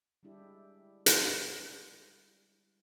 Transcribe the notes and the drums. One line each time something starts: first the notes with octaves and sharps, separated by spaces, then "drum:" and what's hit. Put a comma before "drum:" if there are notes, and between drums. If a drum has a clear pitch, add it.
G3 G#3 D4 E4 G4
drum: hi-hat